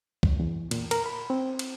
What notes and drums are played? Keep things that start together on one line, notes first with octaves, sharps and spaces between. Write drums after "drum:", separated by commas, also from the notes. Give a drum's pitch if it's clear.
drum: kick
E2
A#2, drum: cymbal
A#4, drum: cymbal
B5
C4
drum: cymbal